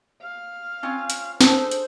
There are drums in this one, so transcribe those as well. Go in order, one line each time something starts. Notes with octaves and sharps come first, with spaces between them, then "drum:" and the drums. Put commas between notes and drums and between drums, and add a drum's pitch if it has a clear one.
F5
C4 C#4 F4
drum: hi-hat
D4 G#4 A4 C5, drum: snare
drum: hi-hat